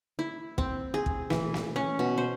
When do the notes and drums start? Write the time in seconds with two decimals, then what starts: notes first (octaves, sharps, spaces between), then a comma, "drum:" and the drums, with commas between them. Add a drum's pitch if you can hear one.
0.19 E4
0.58 C4, drum: kick
0.94 G#4
1.06 drum: kick
1.30 E3, drum: snare
1.54 drum: snare
1.76 C#4
1.99 B2
2.18 C5